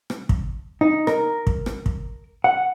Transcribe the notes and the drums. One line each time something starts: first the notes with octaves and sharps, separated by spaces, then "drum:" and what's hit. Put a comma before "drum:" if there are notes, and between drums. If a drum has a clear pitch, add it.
drum: rim click
drum: kick
D#4
A#4, drum: rim click
drum: kick
drum: rim click
drum: kick
F#5